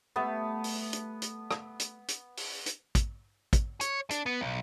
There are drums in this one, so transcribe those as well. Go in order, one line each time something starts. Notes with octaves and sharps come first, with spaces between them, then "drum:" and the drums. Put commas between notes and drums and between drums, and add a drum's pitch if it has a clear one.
G3 A3 B3 E5
drum: open hi-hat
drum: hi-hat
drum: hi-hat
drum: rim click
drum: hi-hat
drum: hi-hat
drum: open hi-hat
drum: hi-hat
drum: kick, hi-hat
drum: kick, hi-hat
C#5, drum: hi-hat
D4, drum: hi-hat
B3
B1